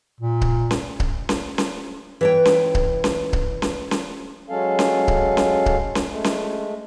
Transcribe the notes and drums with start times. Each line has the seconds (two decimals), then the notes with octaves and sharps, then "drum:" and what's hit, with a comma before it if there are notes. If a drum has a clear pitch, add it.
0.21 A#2
0.41 drum: kick C#1
0.71 drum: snare C#4
1.00 drum: kick C#1
1.29 drum: snare C#4
1.58 drum: snare C#4
2.21 E3 C#5 G5
2.45 drum: snare C#4
2.75 drum: kick C#1
3.04 drum: snare C#4
3.33 drum: kick C#1
3.62 drum: snare C#4
3.91 drum: snare C#4
4.50 F#3 G#3 C#4 A4 F5
4.79 drum: snare C#4
5.08 drum: kick C#1
5.37 drum: snare C#4
5.66 drum: kick C#1
5.95 drum: snare C#4
6.11 G#3 A3
6.24 drum: snare C#4